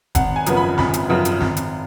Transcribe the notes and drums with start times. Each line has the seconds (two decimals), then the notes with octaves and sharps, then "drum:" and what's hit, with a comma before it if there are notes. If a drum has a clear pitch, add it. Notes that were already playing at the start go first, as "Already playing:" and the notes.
0.15 G#1 F#5, drum: kick F1, hi-hat
0.36 G#5
0.46 F#2 C#3 F3 B3, drum: hi-hat
0.57 B5
0.78 G#1 B5, drum: snare
0.94 drum: hi-hat
1.09 F#2 C#3 F3 B3
1.25 drum: hi-hat
1.41 G#1, drum: snare
1.57 drum: hi-hat